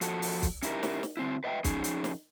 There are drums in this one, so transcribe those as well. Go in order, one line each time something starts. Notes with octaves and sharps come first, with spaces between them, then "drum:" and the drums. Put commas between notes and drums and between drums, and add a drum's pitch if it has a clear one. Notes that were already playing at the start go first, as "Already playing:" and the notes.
F3 F#4 A4, drum: hi-hat
drum: open hi-hat
drum: kick, hi-hat
C#4 D#4 E4 F#4 G4 A#4, drum: hi-hat
drum: snare
drum: snare
D3 C4 E4
B4 D#5 E5 F#5 G5
F2 C#4 D#4 G#4, drum: kick, hi-hat
drum: hi-hat
drum: snare